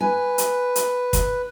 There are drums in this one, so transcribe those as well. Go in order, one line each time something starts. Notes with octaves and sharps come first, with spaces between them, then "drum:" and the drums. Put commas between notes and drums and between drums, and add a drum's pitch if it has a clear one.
B4 G#5
drum: hi-hat
drum: hi-hat
drum: kick, hi-hat